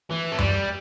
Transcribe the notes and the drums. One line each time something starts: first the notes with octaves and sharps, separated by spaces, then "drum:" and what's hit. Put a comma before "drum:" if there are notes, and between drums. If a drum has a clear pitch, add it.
E3
A3
G3, drum: tom F#2